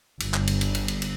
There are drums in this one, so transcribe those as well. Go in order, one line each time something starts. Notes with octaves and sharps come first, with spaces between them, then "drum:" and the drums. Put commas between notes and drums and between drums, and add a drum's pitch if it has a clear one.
G1, drum: cymbal
drum: clap
drum: cymbal
drum: cymbal
drum: cymbal
drum: cymbal
drum: cymbal